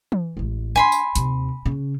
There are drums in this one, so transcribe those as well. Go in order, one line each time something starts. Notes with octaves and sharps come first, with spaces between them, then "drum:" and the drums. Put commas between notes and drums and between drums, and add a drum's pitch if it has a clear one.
drum: tom E3
A1 G#3
D4 G#5 B5 C6
drum: tambourine
D#2 C3, drum: hi-hat
C#3